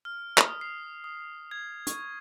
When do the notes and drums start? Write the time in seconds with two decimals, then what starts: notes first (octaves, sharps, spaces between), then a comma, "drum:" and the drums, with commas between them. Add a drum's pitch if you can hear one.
0.05 F6
0.38 drum: clap
0.48 D#6
0.61 C7
1.04 D#6
1.51 G#6
1.87 C#6, drum: hi-hat